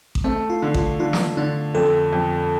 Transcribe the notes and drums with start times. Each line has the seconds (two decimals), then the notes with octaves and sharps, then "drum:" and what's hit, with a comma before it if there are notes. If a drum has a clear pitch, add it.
0.15 drum: kick A1
0.24 A3 C4
0.50 F4
0.62 D3
0.74 F4, drum: kick A1
1.00 D3 F4
1.13 drum: snare
1.37 D3 D4
1.75 F2 A4
2.13 F2